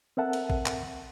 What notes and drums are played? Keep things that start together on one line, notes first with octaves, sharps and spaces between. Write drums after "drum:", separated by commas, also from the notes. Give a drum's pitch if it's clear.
C4 A4 A#4 E5 F#5 A5
drum: cymbal
drum: kick A1
drum: clap